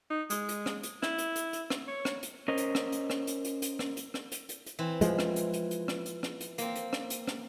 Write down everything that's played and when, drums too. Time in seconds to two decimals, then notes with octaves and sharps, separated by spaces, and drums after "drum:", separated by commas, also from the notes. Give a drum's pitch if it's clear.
0.11 D#4
0.30 G#3, drum: hi-hat
0.49 drum: hi-hat
0.66 drum: rim click
0.83 drum: hi-hat
1.03 E4, drum: rim click
1.18 drum: hi-hat
1.36 drum: hi-hat
1.53 drum: hi-hat
1.70 drum: rim click
1.88 C#5
2.05 drum: rim click
2.23 drum: hi-hat
2.48 C#4 A#4 C5 D#5
2.57 drum: hi-hat
2.75 drum: rim click
2.92 drum: hi-hat
3.10 drum: rim click
3.27 drum: hi-hat
3.45 drum: hi-hat
3.62 drum: hi-hat
3.79 drum: rim click
3.97 drum: hi-hat
4.14 drum: rim click
4.32 drum: hi-hat
4.49 drum: hi-hat
4.66 drum: hi-hat
4.79 E3 C4
5.01 F3 G#3, drum: hi-hat
5.19 drum: rim click
5.36 drum: hi-hat
5.53 drum: hi-hat
5.71 drum: hi-hat
5.88 drum: rim click
6.06 drum: hi-hat
6.23 drum: rim click
6.40 drum: hi-hat
6.58 A#3 C4, drum: hi-hat
6.75 drum: hi-hat
6.93 drum: rim click
7.10 drum: hi-hat
7.28 drum: rim click